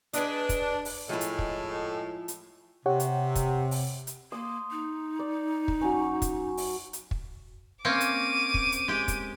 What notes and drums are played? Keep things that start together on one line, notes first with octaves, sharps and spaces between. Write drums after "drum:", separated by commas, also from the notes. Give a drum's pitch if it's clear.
D4 G#4 B4 D#5, drum: hi-hat
drum: kick, hi-hat
drum: open hi-hat
A2 F3 G#3 E4
drum: hi-hat
drum: kick
drum: hi-hat
C3 G4 C#5 F#5
drum: hi-hat
drum: kick, hi-hat
drum: open hi-hat
drum: hi-hat
A#3 C6 D#6
D#4
D5
drum: kick
F#3 C#4
drum: kick, hi-hat
drum: open hi-hat
drum: hi-hat
drum: kick
A#3 C4 C#4 D6 D#7
drum: hi-hat
drum: kick
drum: hi-hat
G#3 G4
drum: kick, hi-hat